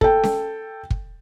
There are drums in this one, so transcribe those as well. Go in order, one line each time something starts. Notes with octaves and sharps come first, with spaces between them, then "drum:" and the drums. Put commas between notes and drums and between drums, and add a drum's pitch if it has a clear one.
A4 G5, drum: kick
drum: snare C#4
drum: kick